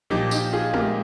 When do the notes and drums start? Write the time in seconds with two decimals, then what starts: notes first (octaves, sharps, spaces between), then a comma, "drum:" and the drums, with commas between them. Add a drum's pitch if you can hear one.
0.10 A#2 F3 D#4 G4
0.31 D#4 G4, drum: tambourine
0.53 F4 G#4
0.74 G4 A#4, drum: tom G#3